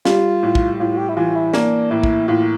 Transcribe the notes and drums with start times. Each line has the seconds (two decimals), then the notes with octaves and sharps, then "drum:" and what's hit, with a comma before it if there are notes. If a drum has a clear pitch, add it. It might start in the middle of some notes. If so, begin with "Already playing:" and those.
0.05 G3 F4, drum: snare
0.43 A2
0.55 drum: kick
0.80 A2 F4
0.98 G4
1.09 E4
1.16 E3 F4
1.35 E4
1.54 A#3 D4, drum: snare
1.91 A2 E4
2.03 drum: kick
2.28 A2 F4